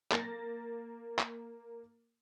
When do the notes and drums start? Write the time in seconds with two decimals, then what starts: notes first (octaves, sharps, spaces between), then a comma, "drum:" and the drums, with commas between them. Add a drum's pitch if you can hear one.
0.12 A#3 A6 A#6, drum: clap
1.19 drum: clap